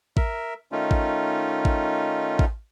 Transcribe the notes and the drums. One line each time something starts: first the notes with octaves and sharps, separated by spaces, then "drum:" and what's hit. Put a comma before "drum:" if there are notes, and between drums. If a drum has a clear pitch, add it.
A#4 E5, drum: kick A1
D#3 A3 C#4 D#4 F4
drum: kick A1
drum: kick A1
drum: kick A1